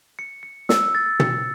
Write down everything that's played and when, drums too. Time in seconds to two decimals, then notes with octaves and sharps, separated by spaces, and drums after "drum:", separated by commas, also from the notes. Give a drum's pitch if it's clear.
0.19 C#7
0.43 C#7
0.69 E6, drum: snare
0.95 A6
1.20 C#7, drum: tom